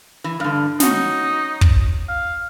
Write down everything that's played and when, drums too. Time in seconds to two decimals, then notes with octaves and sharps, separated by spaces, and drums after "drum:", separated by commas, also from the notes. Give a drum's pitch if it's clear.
0.24 E3
0.40 G2 D3 F5
0.80 C#4 D#4 F#4, drum: snare
1.61 drum: kick
2.09 F5